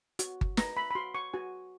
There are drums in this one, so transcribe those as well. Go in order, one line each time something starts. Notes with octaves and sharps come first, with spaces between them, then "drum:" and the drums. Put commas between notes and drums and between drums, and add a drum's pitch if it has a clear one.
F#4, drum: hi-hat
drum: kick G1
B4 A#5, drum: snare
B5
B5
F#4 C6
C#6
F#4 G#5